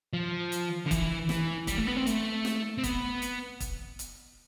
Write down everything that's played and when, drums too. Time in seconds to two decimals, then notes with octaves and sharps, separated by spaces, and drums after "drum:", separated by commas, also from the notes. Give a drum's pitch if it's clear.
0.13 F3
0.52 drum: hi-hat
0.86 D3
0.91 E3, drum: kick, hi-hat
1.29 E3, drum: snare
1.67 G3, drum: kick, hi-hat
1.77 A3
1.87 B3
1.96 C4
2.07 A3, drum: hi-hat
2.45 drum: snare
2.78 C4
2.84 B3, drum: kick, hi-hat
3.22 drum: hi-hat
3.60 drum: kick, hi-hat
3.99 drum: hi-hat